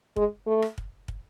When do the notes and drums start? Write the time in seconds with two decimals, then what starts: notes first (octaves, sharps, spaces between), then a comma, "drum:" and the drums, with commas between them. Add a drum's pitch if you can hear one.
0.16 G#3, drum: kick
0.47 A3
0.62 drum: rim click
0.78 drum: kick
1.08 drum: kick